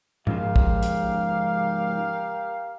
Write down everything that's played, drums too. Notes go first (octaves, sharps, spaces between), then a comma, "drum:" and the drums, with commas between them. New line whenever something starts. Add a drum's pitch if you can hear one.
G#2 C#3 F3 G4 A#4 F5, drum: tom G#2
drum: kick
drum: hi-hat